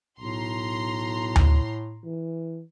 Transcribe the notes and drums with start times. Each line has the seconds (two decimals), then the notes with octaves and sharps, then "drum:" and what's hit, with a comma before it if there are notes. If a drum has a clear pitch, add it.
0.20 B1 A2 A#5 C6
1.36 drum: tom D2
2.04 E3